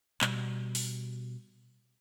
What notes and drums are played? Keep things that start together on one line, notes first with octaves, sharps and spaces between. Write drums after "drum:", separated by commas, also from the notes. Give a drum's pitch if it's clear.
B2 G3, drum: clap
drum: open hi-hat